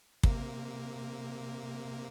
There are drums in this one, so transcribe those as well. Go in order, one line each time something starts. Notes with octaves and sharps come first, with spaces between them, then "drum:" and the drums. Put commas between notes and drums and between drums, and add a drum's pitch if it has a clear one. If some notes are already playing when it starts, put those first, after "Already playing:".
C3 A#3, drum: kick